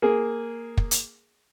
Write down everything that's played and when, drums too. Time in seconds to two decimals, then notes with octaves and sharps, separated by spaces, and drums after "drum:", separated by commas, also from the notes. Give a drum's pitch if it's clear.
0.02 A#3 G#4
0.78 drum: kick
0.91 drum: hi-hat